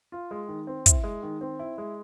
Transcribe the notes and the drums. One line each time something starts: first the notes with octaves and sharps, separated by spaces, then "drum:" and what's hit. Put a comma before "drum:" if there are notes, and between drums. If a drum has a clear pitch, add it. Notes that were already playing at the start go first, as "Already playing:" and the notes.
F4
G#3
D#3
C4
E4, drum: kick, hi-hat
G#3
D#3
C4
E4
G#3